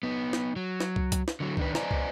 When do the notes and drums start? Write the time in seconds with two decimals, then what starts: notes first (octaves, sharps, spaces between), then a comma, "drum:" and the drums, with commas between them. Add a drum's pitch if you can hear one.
0.03 B3 D#4
0.33 drum: snare
0.56 F#3
0.80 drum: snare
0.96 drum: kick
1.12 drum: kick, hi-hat
1.28 drum: snare
1.40 D3 F#3
1.57 D#3 D4 B4, drum: kick
1.75 B4 C5 D5 D#5 G#5 A#5, drum: snare
1.91 drum: kick